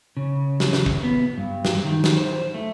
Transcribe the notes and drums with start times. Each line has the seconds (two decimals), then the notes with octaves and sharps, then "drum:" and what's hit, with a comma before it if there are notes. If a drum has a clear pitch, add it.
0.17 C#3
0.60 drum: snare
0.73 drum: snare
0.86 drum: kick
1.03 B3
1.38 G2
1.65 drum: snare
1.84 D#3
2.04 drum: snare
2.17 C5
2.54 A3